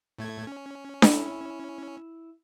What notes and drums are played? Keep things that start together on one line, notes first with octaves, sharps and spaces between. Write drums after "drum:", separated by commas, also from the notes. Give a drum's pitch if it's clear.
A2 A3 G#6
C#4
E4, drum: snare D4